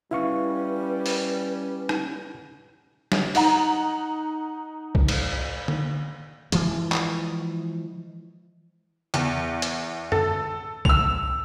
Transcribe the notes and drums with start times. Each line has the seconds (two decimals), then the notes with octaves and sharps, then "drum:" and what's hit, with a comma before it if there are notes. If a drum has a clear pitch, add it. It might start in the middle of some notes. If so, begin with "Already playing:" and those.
0.11 G3 C#4 E4 B4 F5 C#6
1.06 drum: open hi-hat
1.89 drum: rim click
3.12 drum: snare F#3
3.35 D#4 F#5 A#5, drum: open hi-hat
4.95 drum: kick B1
5.08 drum: cymbal
5.68 drum: tom D3
6.52 E3 F3 G#3, drum: hi-hat
6.92 drum: clap
9.14 E2, drum: hi-hat
9.62 drum: hi-hat
10.12 A4, drum: tom
10.85 E6 F7, drum: kick B1